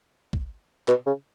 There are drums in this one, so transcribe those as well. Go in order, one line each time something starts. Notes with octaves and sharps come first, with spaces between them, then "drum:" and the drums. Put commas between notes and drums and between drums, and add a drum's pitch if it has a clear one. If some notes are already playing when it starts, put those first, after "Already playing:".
drum: kick
B2, drum: clap
C#3